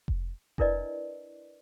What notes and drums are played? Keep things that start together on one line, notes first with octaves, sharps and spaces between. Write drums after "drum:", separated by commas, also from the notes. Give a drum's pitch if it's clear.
drum: kick F1
D4 E4 A#4 B4 D5 D#5, drum: kick F1